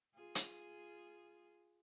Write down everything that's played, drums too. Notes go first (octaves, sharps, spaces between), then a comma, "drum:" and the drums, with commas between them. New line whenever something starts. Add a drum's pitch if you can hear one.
F4 G#4
drum: hi-hat